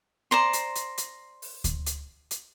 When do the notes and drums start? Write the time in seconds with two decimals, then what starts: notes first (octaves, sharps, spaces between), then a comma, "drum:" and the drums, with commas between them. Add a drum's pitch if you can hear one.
0.31 C5 D5 A#5 C6
0.53 drum: hi-hat
0.76 drum: hi-hat
0.98 drum: hi-hat
1.42 drum: open hi-hat
1.64 drum: kick D2, hi-hat
1.86 drum: hi-hat
2.31 drum: hi-hat